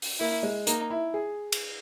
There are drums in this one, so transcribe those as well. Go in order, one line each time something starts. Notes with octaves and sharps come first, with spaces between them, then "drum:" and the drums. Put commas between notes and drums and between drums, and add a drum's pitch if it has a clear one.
drum: open hi-hat
A#3 E4
G#3
A#3 D#4, drum: hi-hat
E4
G#4
drum: cymbal